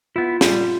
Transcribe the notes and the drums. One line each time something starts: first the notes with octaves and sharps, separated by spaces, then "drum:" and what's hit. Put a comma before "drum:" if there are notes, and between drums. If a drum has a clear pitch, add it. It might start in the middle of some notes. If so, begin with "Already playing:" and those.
B3 E4 F4
G3 F4, drum: snare